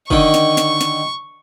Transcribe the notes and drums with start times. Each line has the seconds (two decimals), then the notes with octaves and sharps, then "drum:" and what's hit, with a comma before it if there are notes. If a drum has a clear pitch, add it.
0.10 D3 D#3 C#6, drum: kick
0.34 drum: snare
0.57 drum: snare
0.81 drum: snare